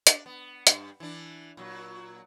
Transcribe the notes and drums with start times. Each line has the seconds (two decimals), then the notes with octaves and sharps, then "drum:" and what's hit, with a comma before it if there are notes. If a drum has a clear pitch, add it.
0.07 D4, drum: hi-hat
0.26 B3
0.67 G2, drum: hi-hat
1.00 E3 D4
1.57 A#2 F#3